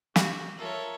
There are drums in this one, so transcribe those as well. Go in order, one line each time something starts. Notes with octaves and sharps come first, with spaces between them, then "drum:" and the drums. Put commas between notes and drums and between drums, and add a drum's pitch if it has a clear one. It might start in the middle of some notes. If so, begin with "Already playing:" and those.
F#4 G4, drum: snare
F4 A4 A#4 C#5 E5